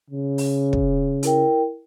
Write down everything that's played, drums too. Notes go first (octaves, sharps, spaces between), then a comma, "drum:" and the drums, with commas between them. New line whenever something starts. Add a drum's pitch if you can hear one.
C#3
drum: open hi-hat
drum: kick
E4 A#4 G5, drum: hi-hat